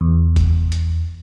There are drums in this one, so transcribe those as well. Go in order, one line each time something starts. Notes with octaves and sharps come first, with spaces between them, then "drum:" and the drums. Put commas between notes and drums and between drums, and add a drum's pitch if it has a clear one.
E2
drum: kick F#1, hi-hat
drum: hi-hat